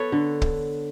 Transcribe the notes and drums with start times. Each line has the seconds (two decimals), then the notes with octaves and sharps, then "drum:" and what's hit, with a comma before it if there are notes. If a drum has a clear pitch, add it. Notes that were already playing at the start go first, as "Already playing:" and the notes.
Already playing: B3 A4 B4 C#5
0.12 D3
0.42 drum: kick